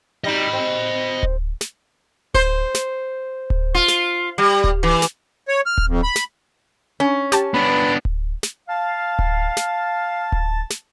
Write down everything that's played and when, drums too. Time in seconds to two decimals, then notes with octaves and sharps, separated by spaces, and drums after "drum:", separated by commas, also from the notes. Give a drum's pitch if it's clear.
0.24 G3 D#4 D#5 B5
0.53 C4
1.23 drum: kick D1
1.61 drum: snare
2.34 C5, drum: kick D1
2.75 drum: snare
3.50 drum: kick D1
3.74 F4
3.88 drum: snare
4.38 G3
4.64 drum: kick D1
4.83 E3
5.02 drum: snare
5.48 C#5
5.66 F6
5.78 drum: kick D1
5.88 F2
6.03 B5
6.16 drum: snare
7.00 C#4
7.32 G4 A5, drum: snare
7.54 B3 D4 B4 B5
8.05 drum: kick D1
8.43 drum: snare
8.69 F5 A5
9.19 drum: kick D1
9.57 drum: snare
10.32 drum: kick D1
10.70 drum: snare